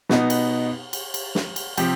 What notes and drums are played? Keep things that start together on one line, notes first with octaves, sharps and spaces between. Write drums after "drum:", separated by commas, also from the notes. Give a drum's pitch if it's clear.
B2 B3 D#4, drum: snare
drum: cymbal
drum: cymbal
drum: cymbal
drum: snare
drum: cymbal
C3 F3 C4 G4, drum: cymbal